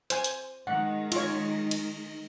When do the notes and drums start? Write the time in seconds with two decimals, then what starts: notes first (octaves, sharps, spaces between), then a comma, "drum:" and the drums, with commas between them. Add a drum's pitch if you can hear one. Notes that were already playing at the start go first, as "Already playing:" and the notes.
0.10 C5 G#5, drum: hi-hat
0.24 drum: hi-hat
0.67 D#3 G#3 F#5
1.12 F4 C#5, drum: cymbal
1.71 drum: cymbal